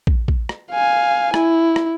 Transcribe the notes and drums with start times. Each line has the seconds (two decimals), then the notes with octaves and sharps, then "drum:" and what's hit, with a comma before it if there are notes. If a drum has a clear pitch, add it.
0.07 drum: kick
0.28 drum: kick
0.49 drum: rim click
0.72 F5 G#5
1.34 E4, drum: rim click
1.76 drum: rim click